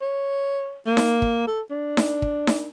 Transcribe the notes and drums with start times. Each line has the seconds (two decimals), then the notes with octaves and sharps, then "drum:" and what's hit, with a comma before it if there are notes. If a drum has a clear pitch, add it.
0.01 C#5
0.87 A#3
0.97 drum: snare D#4
1.22 drum: kick
1.47 A4
1.71 D4
1.97 drum: snare D#4
2.22 drum: kick
2.47 drum: snare D#4